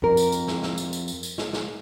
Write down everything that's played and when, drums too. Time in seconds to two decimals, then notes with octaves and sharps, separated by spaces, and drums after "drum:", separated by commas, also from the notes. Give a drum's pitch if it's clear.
0.02 F2 A#4
0.17 drum: tambourine
0.32 drum: tambourine
0.47 drum: snare
0.63 drum: snare
0.78 drum: tambourine
0.93 drum: tambourine
1.08 drum: tambourine
1.23 drum: tambourine
1.38 drum: snare
1.53 drum: snare